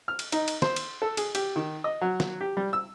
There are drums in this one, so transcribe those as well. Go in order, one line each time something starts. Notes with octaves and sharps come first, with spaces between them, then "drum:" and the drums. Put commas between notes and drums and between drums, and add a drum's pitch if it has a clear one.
F6
drum: cymbal
D#4, drum: cymbal
drum: cymbal
C5, drum: snare
drum: cymbal
A4
G#4, drum: cymbal
G4, drum: cymbal
D#3
D#5
F#3
drum: snare
G4
G3
E6